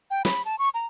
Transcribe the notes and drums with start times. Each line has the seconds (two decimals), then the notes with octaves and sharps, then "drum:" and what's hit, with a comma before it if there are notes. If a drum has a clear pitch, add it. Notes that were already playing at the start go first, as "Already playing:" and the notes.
0.11 G5
0.25 B5, drum: snare
0.45 A5
0.59 C#6
0.74 A#5